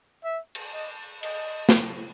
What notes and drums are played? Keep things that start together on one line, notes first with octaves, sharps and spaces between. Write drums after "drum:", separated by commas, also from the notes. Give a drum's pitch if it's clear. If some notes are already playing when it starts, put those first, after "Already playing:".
E5
drum: cymbal
D#5
D#5, drum: cymbal
drum: snare